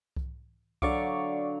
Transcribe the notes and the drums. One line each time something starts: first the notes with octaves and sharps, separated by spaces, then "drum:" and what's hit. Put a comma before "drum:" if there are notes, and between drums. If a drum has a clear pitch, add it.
drum: kick C2
D3 F#3 D5 F5 C#6 D6, drum: kick C2